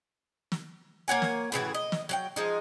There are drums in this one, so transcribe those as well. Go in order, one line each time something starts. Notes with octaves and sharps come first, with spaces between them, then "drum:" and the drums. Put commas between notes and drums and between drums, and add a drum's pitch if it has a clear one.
drum: snare
A#3 C#5 F#5 G#5
drum: snare
A2 C#3 E3 F#4
D#5
drum: snare
F#3 F5 G5
F3 G#3 D#4